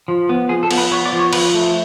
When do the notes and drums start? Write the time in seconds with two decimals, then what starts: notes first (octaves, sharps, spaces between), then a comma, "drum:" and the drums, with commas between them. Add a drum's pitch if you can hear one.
0.08 F3
0.29 B3
0.49 F3 G#4
0.63 A4
0.71 B3, drum: cymbal
0.78 B4
0.91 B3 C#5
1.06 D5
1.12 F3
1.19 C#5
1.33 F3 B4, drum: cymbal
1.54 A3